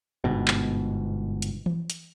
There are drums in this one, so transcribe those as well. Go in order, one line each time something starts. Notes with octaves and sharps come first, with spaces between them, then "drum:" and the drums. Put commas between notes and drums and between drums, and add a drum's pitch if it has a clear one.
G1 G#2 B2
drum: clap
drum: hi-hat
drum: tom E3
drum: hi-hat